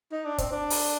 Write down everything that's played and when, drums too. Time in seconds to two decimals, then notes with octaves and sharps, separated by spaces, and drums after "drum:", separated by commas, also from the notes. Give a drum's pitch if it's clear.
0.12 D#4
0.25 D4
0.38 C4, drum: kick, hi-hat
0.52 D4
0.70 drum: open hi-hat